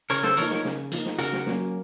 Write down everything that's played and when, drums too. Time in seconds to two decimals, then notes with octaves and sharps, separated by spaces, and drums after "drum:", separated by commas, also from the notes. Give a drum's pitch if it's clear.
0.10 C#3 A#4 C#5, drum: hi-hat
0.24 A4 C5, drum: snare
0.37 F3 A#3 D#4 A#4 C#5, drum: hi-hat
0.51 A#4 C#5, drum: snare
0.65 C#3, drum: snare
0.92 F3 A#3 D#4, drum: hi-hat
1.06 drum: snare
1.19 C#3 F#4 A#4, drum: hi-hat
1.33 drum: snare
1.47 F#3 A#3 C#4, drum: snare